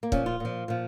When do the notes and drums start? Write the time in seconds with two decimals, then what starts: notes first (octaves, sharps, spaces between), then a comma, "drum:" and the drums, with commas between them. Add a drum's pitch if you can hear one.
0.03 A#3
0.12 A#2 F3 C#4, drum: kick
0.26 F4
0.40 A#2 F3
0.68 A#2 F3